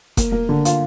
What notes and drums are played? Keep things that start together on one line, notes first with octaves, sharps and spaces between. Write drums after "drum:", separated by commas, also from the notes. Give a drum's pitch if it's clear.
A#3, drum: kick F1, hi-hat
A#3
D3
F4, drum: hi-hat